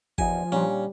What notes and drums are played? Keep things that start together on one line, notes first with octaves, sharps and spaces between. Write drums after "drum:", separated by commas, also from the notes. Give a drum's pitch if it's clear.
E2 F3 D#4 G4 G#5, drum: kick G1
A#2 G3 C#4 D4